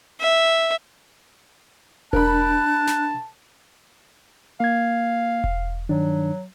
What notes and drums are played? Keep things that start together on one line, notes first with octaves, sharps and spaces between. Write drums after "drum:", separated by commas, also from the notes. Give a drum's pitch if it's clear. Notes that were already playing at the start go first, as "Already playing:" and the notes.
E5
D4 A#4 A5 B5 F#6, drum: kick E1
drum: snare
A#3 F5 G#6
drum: kick E1
G2 D#3 F#3 D4